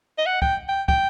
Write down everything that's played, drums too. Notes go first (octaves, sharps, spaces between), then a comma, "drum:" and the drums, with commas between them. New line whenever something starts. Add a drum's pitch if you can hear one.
D#5
F#5
G5, drum: kick
G5
G5, drum: kick